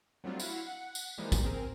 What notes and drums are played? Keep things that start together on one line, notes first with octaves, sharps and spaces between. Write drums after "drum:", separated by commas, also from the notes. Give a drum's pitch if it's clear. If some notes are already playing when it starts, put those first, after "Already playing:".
F#3 G3 A3 C4 D4 F4
E4 F#4 F5, drum: tambourine
F#5
drum: tambourine
E3 F3 G3 G#3 A#3 D#4
drum: kick, tambourine
C4 G#4 A#4